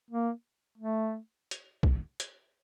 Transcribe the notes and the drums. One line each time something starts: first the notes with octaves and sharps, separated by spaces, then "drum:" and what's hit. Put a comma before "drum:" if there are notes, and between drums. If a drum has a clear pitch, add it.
A#3
A3
drum: hi-hat
drum: kick
drum: hi-hat